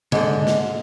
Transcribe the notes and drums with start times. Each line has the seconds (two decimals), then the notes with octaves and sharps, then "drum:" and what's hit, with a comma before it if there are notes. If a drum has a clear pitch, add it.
0.12 G#2 D3, drum: tom C3
0.47 drum: snare